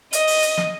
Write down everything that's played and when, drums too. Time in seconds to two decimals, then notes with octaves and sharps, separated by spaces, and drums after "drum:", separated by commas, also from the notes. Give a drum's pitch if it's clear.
0.13 D#5, drum: hi-hat
0.27 drum: open hi-hat
0.42 drum: hi-hat
0.57 drum: snare